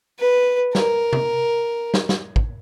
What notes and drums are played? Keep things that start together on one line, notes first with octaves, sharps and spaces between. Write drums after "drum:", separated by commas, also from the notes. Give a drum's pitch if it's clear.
B4
A#4, drum: snare
drum: tom C3
drum: snare
drum: snare
drum: kick